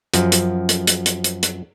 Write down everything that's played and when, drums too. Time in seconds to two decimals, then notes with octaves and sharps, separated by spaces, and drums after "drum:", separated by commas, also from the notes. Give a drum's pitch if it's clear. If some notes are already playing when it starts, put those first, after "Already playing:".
0.14 F#2 F3, drum: hi-hat
0.32 drum: hi-hat
0.69 drum: hi-hat
0.87 drum: hi-hat
1.06 drum: hi-hat
1.24 drum: hi-hat
1.43 drum: hi-hat